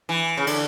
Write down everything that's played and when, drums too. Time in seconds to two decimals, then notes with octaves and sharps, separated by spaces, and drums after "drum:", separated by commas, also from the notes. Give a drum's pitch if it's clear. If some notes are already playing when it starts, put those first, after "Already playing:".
0.09 E3
0.37 C#3
0.47 D3, drum: cymbal